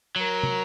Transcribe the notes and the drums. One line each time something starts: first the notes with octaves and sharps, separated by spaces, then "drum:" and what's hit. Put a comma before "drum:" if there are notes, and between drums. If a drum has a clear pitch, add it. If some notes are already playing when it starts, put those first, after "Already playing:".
F#3 A#4
drum: tom